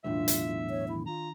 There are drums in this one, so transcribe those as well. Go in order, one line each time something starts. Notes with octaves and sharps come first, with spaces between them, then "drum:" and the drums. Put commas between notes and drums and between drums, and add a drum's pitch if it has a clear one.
B1 E2 A2 D4 F4 E5
drum: hi-hat
C#5
D#3 E4
F4 A#5